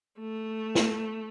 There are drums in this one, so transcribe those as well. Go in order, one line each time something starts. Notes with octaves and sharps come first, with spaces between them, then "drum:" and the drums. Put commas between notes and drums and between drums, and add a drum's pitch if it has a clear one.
A3
drum: snare